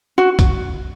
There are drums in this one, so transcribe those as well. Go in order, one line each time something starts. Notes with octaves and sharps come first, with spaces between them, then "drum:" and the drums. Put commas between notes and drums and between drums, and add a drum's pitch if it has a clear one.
F#4
drum: kick, hi-hat